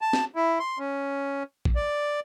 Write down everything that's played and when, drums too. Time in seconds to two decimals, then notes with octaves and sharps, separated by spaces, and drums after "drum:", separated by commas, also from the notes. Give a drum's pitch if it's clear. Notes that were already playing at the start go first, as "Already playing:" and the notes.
0.01 A5
0.13 drum: snare
0.36 E4
0.59 C6
0.79 C#4
1.65 drum: kick
1.75 D5